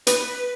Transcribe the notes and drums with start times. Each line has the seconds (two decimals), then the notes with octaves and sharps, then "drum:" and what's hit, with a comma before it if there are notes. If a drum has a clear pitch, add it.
0.07 B4, drum: hi-hat